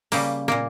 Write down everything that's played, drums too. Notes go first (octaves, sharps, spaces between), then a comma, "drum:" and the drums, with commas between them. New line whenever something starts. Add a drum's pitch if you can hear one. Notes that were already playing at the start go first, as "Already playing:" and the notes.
C#3 G3 A#3, drum: open hi-hat
A#2 A#3, drum: snare